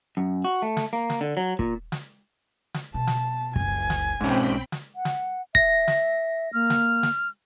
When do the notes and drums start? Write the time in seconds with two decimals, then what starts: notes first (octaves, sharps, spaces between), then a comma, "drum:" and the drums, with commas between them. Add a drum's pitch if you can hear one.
0.17 F#2
0.45 F#4
0.62 A3
0.77 drum: snare
0.93 A#3
1.10 drum: snare
1.21 D3
1.37 F#3
1.59 A#2, drum: kick
1.92 drum: snare
2.74 drum: snare
2.94 B2 A5
3.07 drum: snare
3.56 F#1 C#2 G#5, drum: kick
3.90 drum: snare
4.21 B1 G#2 C4 C#4 G5 B5
4.72 drum: snare
4.96 F#5
5.05 drum: snare
5.55 E5 A#6, drum: kick
5.88 drum: snare
6.54 A#3 F6
6.70 drum: snare
7.03 drum: snare